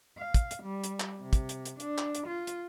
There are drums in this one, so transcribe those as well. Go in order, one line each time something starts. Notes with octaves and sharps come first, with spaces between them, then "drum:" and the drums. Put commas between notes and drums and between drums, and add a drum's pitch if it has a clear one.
F5
drum: kick, hi-hat
drum: hi-hat
G3
drum: hi-hat
drum: clap
C3
drum: kick, hi-hat
drum: hi-hat
drum: hi-hat
D4, drum: hi-hat
drum: clap
drum: hi-hat
F4
drum: hi-hat